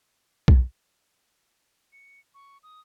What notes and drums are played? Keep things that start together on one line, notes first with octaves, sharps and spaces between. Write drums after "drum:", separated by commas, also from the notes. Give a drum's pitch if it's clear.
drum: kick B1
C#7
C#6
D#6